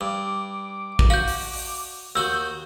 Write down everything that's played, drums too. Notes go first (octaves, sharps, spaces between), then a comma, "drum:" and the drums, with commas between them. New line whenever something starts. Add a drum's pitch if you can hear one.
G2 D6
drum: kick
F#4 F5 G6
drum: open hi-hat
drum: open hi-hat
D#2 F#4 E6 G6